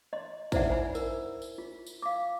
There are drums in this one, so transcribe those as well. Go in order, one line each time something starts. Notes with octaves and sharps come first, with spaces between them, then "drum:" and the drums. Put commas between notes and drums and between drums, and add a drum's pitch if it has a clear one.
D#5 C6
D#4 E4 C5 D5 E5 F#5, drum: kick, tambourine
C5 G#5 B5
A#4, drum: tambourine
drum: tambourine
F4
drum: tambourine
F5 D6